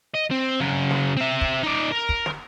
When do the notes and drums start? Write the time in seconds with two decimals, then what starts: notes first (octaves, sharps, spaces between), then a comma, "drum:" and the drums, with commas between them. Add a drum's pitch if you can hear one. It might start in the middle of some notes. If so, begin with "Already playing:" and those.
0.14 D#5
0.31 C4
0.60 C#3 F#3
0.91 drum: snare
1.17 C4 E5
1.41 drum: kick
1.63 D#4 D5
1.92 A#4
2.09 drum: kick
2.26 drum: snare